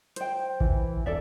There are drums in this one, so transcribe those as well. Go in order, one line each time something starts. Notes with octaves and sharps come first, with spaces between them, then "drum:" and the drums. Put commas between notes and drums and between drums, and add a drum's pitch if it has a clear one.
C5 G5, drum: hi-hat
E3, drum: kick G#1
E1 A4 D5 E5